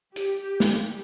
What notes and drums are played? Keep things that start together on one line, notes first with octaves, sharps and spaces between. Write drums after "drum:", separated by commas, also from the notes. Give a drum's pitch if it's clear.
G4, drum: hi-hat
drum: snare